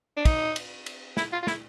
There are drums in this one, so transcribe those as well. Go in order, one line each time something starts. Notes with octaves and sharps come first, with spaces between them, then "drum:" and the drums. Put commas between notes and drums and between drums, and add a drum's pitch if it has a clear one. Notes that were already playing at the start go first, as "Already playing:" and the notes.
D4
D#4, drum: kick, cymbal
drum: cymbal
drum: cymbal
E4, drum: snare
F4
F4
E4, drum: snare